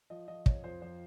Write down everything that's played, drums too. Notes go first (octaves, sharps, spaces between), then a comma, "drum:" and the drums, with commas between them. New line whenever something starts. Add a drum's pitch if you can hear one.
F3 D#5
F3 D#5
F2 C#5, drum: kick
F2 C5
F3 C5